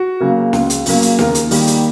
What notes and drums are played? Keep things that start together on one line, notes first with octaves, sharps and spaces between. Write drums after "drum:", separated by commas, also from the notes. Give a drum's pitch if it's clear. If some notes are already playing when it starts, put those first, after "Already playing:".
Already playing: F#4
C#3 F#3 A#3
C#2, drum: snare
drum: hi-hat
C#3 F#3 A#3, drum: open hi-hat
drum: hi-hat
D#2 A#4, drum: snare
drum: hi-hat
D#3 G3 A#3, drum: open hi-hat
drum: hi-hat